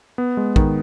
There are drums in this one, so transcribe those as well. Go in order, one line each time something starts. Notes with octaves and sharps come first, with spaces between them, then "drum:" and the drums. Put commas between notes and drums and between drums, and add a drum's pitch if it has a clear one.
B3
G#3
D#3, drum: kick A#1